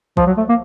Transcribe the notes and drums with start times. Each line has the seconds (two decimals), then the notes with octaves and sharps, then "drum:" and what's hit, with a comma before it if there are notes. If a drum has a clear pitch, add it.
0.17 F3, drum: kick
0.27 F#3
0.38 A3
0.49 A#3